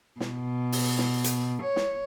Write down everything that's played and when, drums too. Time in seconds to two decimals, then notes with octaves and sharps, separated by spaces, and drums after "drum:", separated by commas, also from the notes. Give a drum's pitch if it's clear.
0.20 B2, drum: snare
0.72 drum: open hi-hat
0.98 drum: snare
1.24 drum: hi-hat
1.63 C#5
1.76 drum: snare